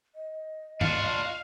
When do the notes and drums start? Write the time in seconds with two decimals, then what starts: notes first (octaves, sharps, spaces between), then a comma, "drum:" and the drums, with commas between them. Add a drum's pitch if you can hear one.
0.15 D#5
0.81 D4 F4 F#4 F5, drum: tom G2